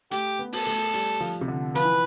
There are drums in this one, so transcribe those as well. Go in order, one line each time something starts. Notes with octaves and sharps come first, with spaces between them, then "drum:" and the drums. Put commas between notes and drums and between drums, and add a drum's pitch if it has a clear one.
A3 G4, drum: hi-hat
B3
A4, drum: open hi-hat
A3
G3, drum: hi-hat
F3
C3
D3
F3 B4, drum: hi-hat
E3